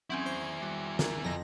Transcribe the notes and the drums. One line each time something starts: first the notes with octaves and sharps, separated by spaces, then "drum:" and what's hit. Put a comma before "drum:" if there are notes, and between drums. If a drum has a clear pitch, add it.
F#3 C4 C#4 E4 G#4
C5 G#6 C7
G3 F#4
A#4, drum: snare
F2 A#5 A#6